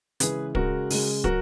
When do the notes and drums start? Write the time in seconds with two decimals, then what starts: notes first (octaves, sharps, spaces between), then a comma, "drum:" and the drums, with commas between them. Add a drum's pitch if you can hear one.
0.20 C#3 E3 G#3 G#4 B4, drum: hi-hat
0.55 C#3 G#3 F#4 A#4, drum: kick
0.90 C#3 G#3, drum: open hi-hat
1.24 F#3 F#4 A#4, drum: kick